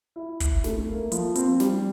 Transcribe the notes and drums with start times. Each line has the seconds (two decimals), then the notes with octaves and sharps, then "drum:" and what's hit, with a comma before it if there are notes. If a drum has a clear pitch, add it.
0.16 E4
0.40 E4, drum: kick, hi-hat
0.64 A3, drum: snare
0.88 A#3
1.12 F3, drum: hi-hat
1.35 C4, drum: hi-hat
1.60 G3, drum: snare